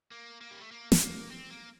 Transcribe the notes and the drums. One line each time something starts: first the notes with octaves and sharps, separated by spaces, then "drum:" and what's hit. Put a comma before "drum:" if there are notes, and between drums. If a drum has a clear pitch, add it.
A#3
A#3
G3
A3
A#3
A3, drum: snare
A#3
C4
A#3